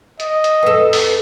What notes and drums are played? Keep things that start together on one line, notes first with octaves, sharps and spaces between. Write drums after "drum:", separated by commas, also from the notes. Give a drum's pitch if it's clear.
D#5, drum: hi-hat
drum: hi-hat
F2 A4 B4 G5
drum: open hi-hat